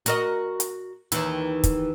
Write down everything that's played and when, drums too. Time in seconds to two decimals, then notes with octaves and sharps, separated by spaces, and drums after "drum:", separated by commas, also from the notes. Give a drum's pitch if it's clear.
0.06 F#4 A#4 D#5, drum: hi-hat
0.60 drum: hi-hat
1.12 D#2 D#3 E3, drum: hi-hat
1.64 drum: kick, hi-hat